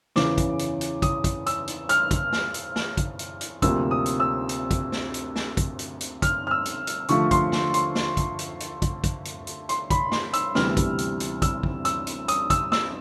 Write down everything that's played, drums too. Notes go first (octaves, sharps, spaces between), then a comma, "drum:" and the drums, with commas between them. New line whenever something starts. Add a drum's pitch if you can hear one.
E2 C#3 E3 D6, drum: snare
drum: kick, hi-hat
drum: hi-hat
drum: hi-hat
D#6, drum: kick, hi-hat
drum: kick, hi-hat
E6, drum: hi-hat
drum: hi-hat
F6, drum: hi-hat
drum: kick, hi-hat
drum: snare
drum: hi-hat
drum: snare
drum: kick, hi-hat
drum: hi-hat
drum: hi-hat
D2 C3 F3 A#3 E6, drum: kick, hi-hat
D#6
drum: hi-hat
E6
drum: hi-hat
drum: kick, hi-hat
drum: snare
drum: hi-hat
drum: snare
drum: kick, hi-hat
drum: hi-hat
drum: hi-hat
F6, drum: kick, hi-hat
F6
E6
drum: hi-hat
drum: hi-hat
D#2 D3 F3 A3 C#6, drum: hi-hat
C6, drum: kick, hi-hat
drum: snare
C6, drum: hi-hat
drum: snare
drum: kick, hi-hat
drum: hi-hat
drum: hi-hat
drum: kick, hi-hat
drum: kick, hi-hat
drum: hi-hat
drum: hi-hat
C6, drum: hi-hat
B5, drum: kick, hi-hat
C6, drum: snare
E6, drum: hi-hat
D2 C3 E3 G3 B3 F6, drum: snare
drum: kick, hi-hat
drum: hi-hat
drum: hi-hat
E6, drum: kick, hi-hat
drum: kick
E6, drum: hi-hat
drum: hi-hat
D#6, drum: hi-hat
E6, drum: kick, hi-hat
E6, drum: snare